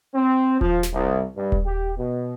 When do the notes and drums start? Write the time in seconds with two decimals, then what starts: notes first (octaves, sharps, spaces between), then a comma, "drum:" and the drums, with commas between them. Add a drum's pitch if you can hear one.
0.15 C4
0.61 F3, drum: kick D#1
0.83 drum: snare
0.93 C2
1.36 G2
1.52 drum: kick D#1
1.66 G4
1.98 B2